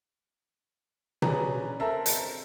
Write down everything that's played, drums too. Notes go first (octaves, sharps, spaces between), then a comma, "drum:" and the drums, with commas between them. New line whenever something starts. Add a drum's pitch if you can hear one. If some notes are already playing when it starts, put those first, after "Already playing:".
C#4 D4 G#4 B4 A#5, drum: tom B2
C4 A4 A#4 E5 A5 A#5
drum: hi-hat